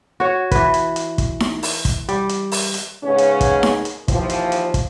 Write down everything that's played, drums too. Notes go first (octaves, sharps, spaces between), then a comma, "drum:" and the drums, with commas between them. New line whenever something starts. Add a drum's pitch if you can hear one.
F#4 C#5
E3 B4, drum: kick, hi-hat
drum: hi-hat
drum: hi-hat
drum: kick, hi-hat
drum: snare D#4
drum: open hi-hat
drum: kick, hi-hat
G3, drum: hi-hat
drum: hi-hat
drum: open hi-hat
drum: hi-hat
G#2 C#3 B3 C#4
drum: hi-hat
drum: kick, hi-hat
drum: snare D#4
drum: hi-hat
D#2 E3 F3, drum: kick, hi-hat
drum: hi-hat
drum: hi-hat
drum: kick, hi-hat